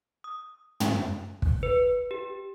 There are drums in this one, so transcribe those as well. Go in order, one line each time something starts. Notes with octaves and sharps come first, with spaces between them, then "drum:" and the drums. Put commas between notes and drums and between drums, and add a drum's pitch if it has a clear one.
D#6
drum: tom
drum: kick
B4
G4